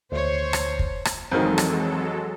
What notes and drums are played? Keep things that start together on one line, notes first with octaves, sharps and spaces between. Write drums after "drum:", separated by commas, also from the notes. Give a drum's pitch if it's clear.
D2 C5 C#5
drum: rim click
drum: kick
drum: rim click
F2 D#3 E3 F#3 G#3 C4 A4
drum: rim click